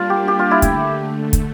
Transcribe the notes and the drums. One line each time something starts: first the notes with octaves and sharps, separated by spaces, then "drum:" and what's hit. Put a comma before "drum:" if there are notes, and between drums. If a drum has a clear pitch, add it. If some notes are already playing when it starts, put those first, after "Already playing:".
Already playing: G3 A#3 D4 F4
G4
G4
F4
E4
D3 A3, drum: kick, hi-hat
drum: kick, hi-hat